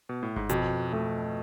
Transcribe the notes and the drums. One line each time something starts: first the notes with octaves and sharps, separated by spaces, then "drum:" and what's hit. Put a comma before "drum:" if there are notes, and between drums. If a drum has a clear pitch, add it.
B2
A2
G#2, drum: kick G1
F2 B2, drum: hi-hat
F2 A3